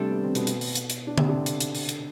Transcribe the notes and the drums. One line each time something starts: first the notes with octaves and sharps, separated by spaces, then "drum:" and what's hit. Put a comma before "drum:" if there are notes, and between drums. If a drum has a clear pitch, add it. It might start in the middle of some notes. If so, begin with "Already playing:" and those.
Already playing: C3 G3 A3 D4 A4
B3
C4
B2 B3, drum: hi-hat
drum: hi-hat
drum: open hi-hat
drum: hi-hat
drum: hi-hat
D4
C3 C4, drum: tom D3
D3 D4
drum: hi-hat
drum: hi-hat
drum: open hi-hat
drum: hi-hat